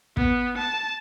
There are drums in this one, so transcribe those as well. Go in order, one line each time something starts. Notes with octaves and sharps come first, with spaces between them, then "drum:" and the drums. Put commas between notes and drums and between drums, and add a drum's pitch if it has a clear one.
B3, drum: kick
A5